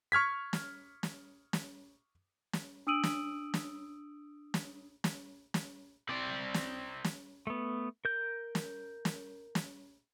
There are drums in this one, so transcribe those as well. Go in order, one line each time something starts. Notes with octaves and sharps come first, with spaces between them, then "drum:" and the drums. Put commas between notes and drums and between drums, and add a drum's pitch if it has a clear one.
C#6 F6 G#6 B6
drum: snare
drum: snare
drum: snare
drum: snare
D4 D#6 E6 D7 D#7 F#7
drum: snare
drum: snare
drum: snare
drum: snare
drum: snare
C4 D5
drum: snare
drum: snare
A3 B3
A#4 G6
drum: snare
drum: snare
drum: snare